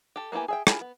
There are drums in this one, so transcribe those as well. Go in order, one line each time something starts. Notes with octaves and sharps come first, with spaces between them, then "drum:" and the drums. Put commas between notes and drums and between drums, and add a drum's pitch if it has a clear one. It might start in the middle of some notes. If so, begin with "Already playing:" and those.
G4 A4
A#3 B3 E4 G4 G#5
G#4 E5 G5
E4 F4 G4 G#4, drum: rim click
B3